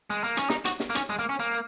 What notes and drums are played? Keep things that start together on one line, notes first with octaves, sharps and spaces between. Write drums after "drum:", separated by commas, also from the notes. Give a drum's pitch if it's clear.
G#3
A#3
C#4, drum: hi-hat
D#4, drum: snare
F#4, drum: hi-hat
drum: snare
A#3
C#4, drum: hi-hat
G#3
A#3
C#4
A#3